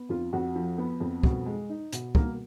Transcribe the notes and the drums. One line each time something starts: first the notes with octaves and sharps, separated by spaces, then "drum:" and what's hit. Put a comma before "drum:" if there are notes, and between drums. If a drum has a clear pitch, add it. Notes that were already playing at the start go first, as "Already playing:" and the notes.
Already playing: B3
F2 F4
F2 F#4
F3
B3
F2
B2, drum: kick
G#3
D#4
B2, drum: hi-hat
B2 A#3 A#4, drum: kick